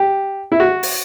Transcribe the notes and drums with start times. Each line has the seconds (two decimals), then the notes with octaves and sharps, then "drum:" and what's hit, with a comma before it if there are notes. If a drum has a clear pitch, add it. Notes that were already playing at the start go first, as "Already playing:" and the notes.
Already playing: G4
0.52 E4
0.60 F#4
0.83 drum: open hi-hat